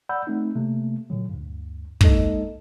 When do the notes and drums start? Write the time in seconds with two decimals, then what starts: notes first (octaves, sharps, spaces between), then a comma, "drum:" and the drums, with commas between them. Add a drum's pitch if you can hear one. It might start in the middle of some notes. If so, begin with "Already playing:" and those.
0.09 D5 F#5 B5 E6 G6
0.27 A3 C4 D#4
0.55 C3 A3 A#3
1.10 A#2 D3 F#3
1.30 D2 G2
2.01 G#3 A#3 D#4 A4 D#5, drum: kick